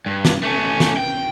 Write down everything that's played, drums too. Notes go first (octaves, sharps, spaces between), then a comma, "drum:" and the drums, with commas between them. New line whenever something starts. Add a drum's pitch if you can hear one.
G2
drum: snare
A3 C#4
drum: snare
G5